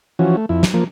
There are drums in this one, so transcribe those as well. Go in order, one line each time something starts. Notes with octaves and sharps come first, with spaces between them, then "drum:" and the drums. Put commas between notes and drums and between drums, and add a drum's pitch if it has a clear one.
E3 F3 C#4 F#4
A3
F2 E4
drum: snare
F3 A#3